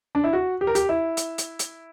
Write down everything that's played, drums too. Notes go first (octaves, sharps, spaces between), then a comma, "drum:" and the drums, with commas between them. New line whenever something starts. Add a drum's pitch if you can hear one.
D4
E4
F#4
G4
A#4
G4, drum: hi-hat
E4
drum: hi-hat
drum: hi-hat
drum: hi-hat